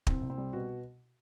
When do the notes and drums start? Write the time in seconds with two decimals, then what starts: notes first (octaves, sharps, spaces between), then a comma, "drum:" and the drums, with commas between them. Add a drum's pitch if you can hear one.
0.07 C2 C4, drum: kick
0.21 C2
0.30 C4
0.38 G3
0.53 B2 F#4